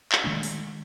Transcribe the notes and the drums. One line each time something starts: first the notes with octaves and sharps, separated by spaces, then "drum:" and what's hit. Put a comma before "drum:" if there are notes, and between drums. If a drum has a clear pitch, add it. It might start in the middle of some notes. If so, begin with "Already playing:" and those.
drum: clap
D#3 G#3 A3 D4
drum: open hi-hat